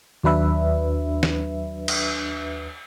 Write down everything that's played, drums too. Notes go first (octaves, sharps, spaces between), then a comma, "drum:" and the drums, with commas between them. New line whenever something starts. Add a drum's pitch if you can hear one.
D#2 F#3 D4 B4 E5
drum: snare
drum: cymbal